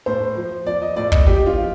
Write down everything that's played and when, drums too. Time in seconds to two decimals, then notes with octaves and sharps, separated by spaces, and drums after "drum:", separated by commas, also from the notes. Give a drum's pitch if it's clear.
0.06 A2 C5
0.36 F3
0.66 F3 D5
0.82 D#5
0.96 A2 D5
1.12 D#5, drum: kick
1.26 F3 G4
1.46 F4
1.57 F3